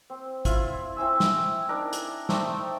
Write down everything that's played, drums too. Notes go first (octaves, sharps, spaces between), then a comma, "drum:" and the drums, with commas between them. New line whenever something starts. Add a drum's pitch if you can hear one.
C4
E4 F4, drum: kick, hi-hat
C4 E4 G#5 E6
drum: snare
D4 D#4 A#4
drum: hi-hat
A3 C4 D#4 D5, drum: snare